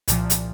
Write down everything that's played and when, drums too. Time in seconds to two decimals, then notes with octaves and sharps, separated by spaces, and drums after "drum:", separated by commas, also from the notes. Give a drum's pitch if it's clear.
0.08 C2 A#2 F3, drum: hi-hat
0.30 drum: hi-hat